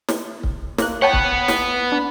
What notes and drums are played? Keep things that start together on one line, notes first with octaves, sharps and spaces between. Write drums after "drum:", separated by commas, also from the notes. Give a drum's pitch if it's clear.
drum: snare
drum: kick C#1
A#3 F#6, drum: snare
B3 C#5 F#5 G5 A5
drum: kick C#1
drum: snare
D4